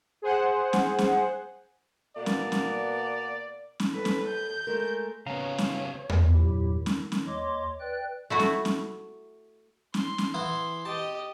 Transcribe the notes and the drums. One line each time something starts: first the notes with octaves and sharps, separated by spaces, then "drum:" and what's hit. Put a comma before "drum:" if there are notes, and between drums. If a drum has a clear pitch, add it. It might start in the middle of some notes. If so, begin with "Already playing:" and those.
G#4 C5 F#5
drum: snare C#4
drum: snare C#4
B2 A#3 B3 D5
drum: snare C#4
drum: snare C#4
drum: snare C#4
D#2 A4 B4
drum: snare C#4
G6
G#3 A3 A#4
C#3 B3 C#5 F5 A#5
drum: snare C#4
drum: tom E2
E2 G2 A#2 F#3 E4 G4
D#3
drum: snare C#4
drum: snare C#4
D#2 C#5 D#5 C6 D6
B4 D5 G5 F#6
A3 E4 F#4
drum: snare C#4
drum: snare C#4
C6, drum: snare C#4
drum: snare C#4
E3 B3 E4 C6
G4 D#5 A5